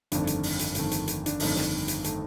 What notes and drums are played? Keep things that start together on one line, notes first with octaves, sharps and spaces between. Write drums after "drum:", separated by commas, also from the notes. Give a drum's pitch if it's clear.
G1 F2 D#3 A3 D4, drum: hi-hat
drum: hi-hat
drum: open hi-hat
drum: hi-hat
G1 F2 D#3 A3, drum: hi-hat
drum: hi-hat
drum: hi-hat
D4, drum: hi-hat
G1 F2 D#3 A3 D#4, drum: open hi-hat
drum: snare
drum: hi-hat
D#3 A3, drum: hi-hat